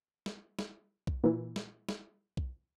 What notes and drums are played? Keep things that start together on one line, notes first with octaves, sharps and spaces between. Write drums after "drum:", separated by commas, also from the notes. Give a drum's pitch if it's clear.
drum: snare
drum: snare
drum: kick B1
A#2 E3
drum: snare
drum: snare
drum: kick B1